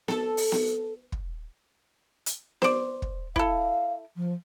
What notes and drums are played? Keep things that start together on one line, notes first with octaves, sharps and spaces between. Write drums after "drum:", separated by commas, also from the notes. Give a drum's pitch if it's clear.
A4, drum: snare B3
drum: open hi-hat
drum: snare B3
drum: kick
drum: hi-hat
C5 D5, drum: snare B3
drum: kick
E4 A4 F5, drum: kick
F3